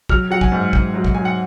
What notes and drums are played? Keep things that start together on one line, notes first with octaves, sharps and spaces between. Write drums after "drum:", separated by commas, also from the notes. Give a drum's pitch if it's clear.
F#3 F6, drum: kick
F#3 F#5
G#5, drum: kick
G#2
G#2, drum: kick
F#3
drum: kick
F#3 G#5
F#5